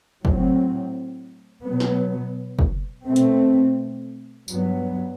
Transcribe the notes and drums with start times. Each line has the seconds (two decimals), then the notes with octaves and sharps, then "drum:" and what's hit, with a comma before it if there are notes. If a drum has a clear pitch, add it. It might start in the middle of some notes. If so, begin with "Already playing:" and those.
0.25 A2 F#3 C4, drum: kick
1.66 B2 F#3 B3
1.80 drum: snare
2.59 drum: kick
3.07 B2 A3 C4
3.16 drum: hi-hat
4.48 G2 F#3 B3, drum: tambourine